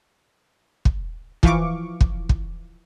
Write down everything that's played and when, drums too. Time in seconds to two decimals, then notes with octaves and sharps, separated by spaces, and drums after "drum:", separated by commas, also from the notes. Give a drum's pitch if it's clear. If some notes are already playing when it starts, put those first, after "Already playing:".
0.85 drum: kick
1.43 E3 F3 F5 C#6 D6, drum: kick
2.01 drum: kick
2.29 drum: kick